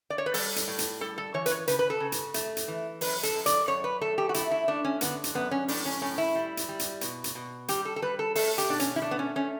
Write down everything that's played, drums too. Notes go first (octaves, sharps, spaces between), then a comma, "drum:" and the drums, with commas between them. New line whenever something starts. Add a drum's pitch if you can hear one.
D5
C#5
B4
G3 A4, drum: open hi-hat
drum: hi-hat
A2
drum: hi-hat
G3 A4
A4
E3 C#5
B4, drum: hi-hat
C#5
C#3 B4, drum: hi-hat
B4
A4
C#3
drum: hi-hat
A3, drum: hi-hat
drum: hi-hat
E3
F#2 B4, drum: open hi-hat
A4, drum: hi-hat
F#2
D5, drum: hi-hat
F#2 C#5
B4
A3 A4
G4
F#4
A3 E4, drum: hi-hat
E4
A3 D4
C#4
D3 B3, drum: hi-hat
drum: hi-hat
F#2 B3
C#4
A2 D4, drum: open hi-hat
C#4
A2 C#4
E4
G3
drum: hi-hat
G3
drum: hi-hat
B2, drum: hi-hat
drum: hi-hat
B2
G3 G4, drum: hi-hat
A4
A4
G3 B4
A4
A3 A4, drum: open hi-hat
G4, drum: hi-hat
B2 D4
C#4, drum: hi-hat
E4
A3 D4
B3
C#4
A3 C#4